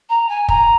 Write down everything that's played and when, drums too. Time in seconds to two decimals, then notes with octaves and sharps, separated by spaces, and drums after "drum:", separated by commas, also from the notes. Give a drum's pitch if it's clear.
0.09 A#5
0.29 G#5
0.48 A#5, drum: kick